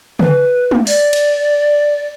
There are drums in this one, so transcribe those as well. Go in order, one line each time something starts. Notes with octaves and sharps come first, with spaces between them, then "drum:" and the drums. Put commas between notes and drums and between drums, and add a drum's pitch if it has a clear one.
B4, drum: tom C#3
drum: tom G#3
D5, drum: open hi-hat
drum: cymbal